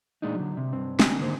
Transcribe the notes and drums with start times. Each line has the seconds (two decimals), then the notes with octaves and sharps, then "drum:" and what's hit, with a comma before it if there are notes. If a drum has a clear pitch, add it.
0.22 E2 A#2 G#3 D4 D#4
0.35 D3 F#3
0.57 C3
0.73 G2 C4
0.99 D3 C4 G#5, drum: snare
1.18 G#2 D3 D#3 G#3 A#3 C5